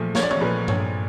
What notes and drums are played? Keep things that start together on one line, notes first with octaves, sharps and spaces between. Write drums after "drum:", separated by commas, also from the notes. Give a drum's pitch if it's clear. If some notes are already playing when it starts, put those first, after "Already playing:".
Already playing: A#1 A#2 F3 A3
A#1 C#5, drum: snare
D5
C#5, drum: tom
A#2 F3 A3 B4
A#1 C#5, drum: tom G2